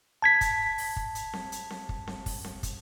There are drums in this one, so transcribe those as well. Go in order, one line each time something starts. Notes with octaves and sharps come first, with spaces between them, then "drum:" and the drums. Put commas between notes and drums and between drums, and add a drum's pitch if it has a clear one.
A5 G#6 B6
drum: kick, hi-hat
drum: open hi-hat
drum: kick
drum: hi-hat
drum: snare C4
drum: hi-hat
drum: snare C4
drum: kick
drum: snare C4
drum: kick, open hi-hat
drum: snare C4
drum: kick, hi-hat